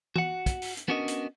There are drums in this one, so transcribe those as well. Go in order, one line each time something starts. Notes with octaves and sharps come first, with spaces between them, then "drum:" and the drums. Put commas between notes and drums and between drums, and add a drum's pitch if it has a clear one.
F#4 F#5, drum: tom
drum: kick, hi-hat
drum: open hi-hat
drum: hi-hat
B3 C#4 D4 F#4 A#4 D#5
drum: hi-hat